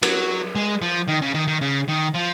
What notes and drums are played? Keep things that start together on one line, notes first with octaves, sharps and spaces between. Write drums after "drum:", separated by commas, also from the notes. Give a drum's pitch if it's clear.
F#3, drum: cymbal
G#3
F3
D#3
C#3
D#3
D#3
C#3
D#3
F3